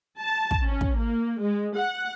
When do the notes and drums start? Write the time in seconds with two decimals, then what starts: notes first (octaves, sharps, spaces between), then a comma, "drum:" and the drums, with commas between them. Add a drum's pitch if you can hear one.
0.21 A5
0.51 drum: kick
0.66 C#4
0.81 drum: kick
0.99 A#3
1.42 G#3
1.78 F#5